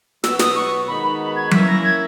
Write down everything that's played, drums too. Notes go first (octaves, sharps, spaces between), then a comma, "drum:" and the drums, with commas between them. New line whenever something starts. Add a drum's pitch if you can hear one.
B2 F#3 B3 F#4 B4 E6, drum: snare
D#6, drum: snare
C#6
D#3 G#3 B3 D#4 F#4 B5
B5
B5
G#6
A#3 C#4 E4 A#4 C#5 B6, drum: tom F#3
A#6
G#6